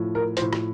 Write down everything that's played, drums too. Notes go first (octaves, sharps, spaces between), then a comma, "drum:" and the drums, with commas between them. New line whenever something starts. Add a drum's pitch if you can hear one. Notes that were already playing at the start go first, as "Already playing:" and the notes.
Already playing: A2 F3
A#4
A2 F3 C5, drum: hi-hat
drum: rim click